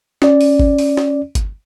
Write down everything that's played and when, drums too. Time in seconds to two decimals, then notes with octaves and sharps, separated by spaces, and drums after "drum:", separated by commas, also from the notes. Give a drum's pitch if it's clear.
0.22 C#4 D5, drum: snare
0.41 drum: open hi-hat
0.60 drum: kick G1
0.78 drum: open hi-hat
0.97 drum: snare
1.35 drum: kick G1, hi-hat